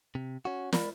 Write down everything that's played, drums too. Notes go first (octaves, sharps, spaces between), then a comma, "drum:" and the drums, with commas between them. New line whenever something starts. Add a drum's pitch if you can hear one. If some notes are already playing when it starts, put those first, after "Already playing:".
C3
C#4 F#4
G#3 A#4 D5 B5, drum: snare